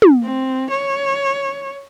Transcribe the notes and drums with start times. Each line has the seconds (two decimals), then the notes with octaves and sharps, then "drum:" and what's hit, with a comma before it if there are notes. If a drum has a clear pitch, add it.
0.02 drum: tom
0.23 C4
0.71 C#5